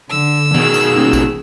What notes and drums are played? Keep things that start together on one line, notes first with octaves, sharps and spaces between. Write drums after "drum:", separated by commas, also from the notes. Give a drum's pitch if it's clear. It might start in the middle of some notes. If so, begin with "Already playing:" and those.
D3 E6
B2 D#3 G#4, drum: tom D#3
drum: tambourine
D#1
drum: kick A#1, tambourine